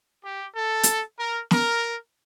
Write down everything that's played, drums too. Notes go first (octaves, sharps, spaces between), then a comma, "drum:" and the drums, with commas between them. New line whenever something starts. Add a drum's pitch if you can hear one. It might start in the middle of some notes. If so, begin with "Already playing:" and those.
G4
A4
drum: hi-hat
A#4
A#4, drum: snare